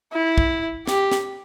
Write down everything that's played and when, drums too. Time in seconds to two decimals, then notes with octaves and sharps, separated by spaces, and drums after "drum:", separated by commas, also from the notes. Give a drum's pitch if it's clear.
0.13 E4
0.38 drum: kick
0.87 G4, drum: snare
1.12 drum: snare